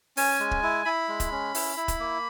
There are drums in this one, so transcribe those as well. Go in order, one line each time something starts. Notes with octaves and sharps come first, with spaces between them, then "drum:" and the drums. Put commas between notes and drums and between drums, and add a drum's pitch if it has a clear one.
C#4 G#5, drum: open hi-hat
G#3
drum: kick
E4
E4 B5
G#3
drum: kick, hi-hat
C#4
E4, drum: open hi-hat
E4
drum: kick, hi-hat
A#3